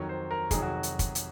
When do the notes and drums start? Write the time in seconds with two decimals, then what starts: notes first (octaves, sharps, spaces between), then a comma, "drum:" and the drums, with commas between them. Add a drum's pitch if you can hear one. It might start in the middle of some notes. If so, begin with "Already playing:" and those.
Already playing: F2 D#3 F#3 C#5
0.09 C5
0.31 A#4
0.51 F2 C3 D#3 F#3 G#4, drum: kick, hi-hat
0.62 F#4
0.83 drum: hi-hat
0.99 drum: kick, hi-hat
1.15 drum: hi-hat